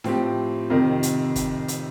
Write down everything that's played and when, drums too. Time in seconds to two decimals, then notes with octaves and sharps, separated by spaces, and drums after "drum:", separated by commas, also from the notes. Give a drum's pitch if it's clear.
0.04 A2 F3 C4 G4, drum: snare D4
0.70 F2 C3 D#3
1.03 drum: hi-hat
1.36 drum: kick, hi-hat
1.68 drum: hi-hat